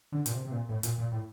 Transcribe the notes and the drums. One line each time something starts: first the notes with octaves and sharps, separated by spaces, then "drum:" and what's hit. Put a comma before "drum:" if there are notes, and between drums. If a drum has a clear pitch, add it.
D3
A#2, drum: hi-hat
C3
C3
A#2
A2
A#2, drum: hi-hat
A#2
A2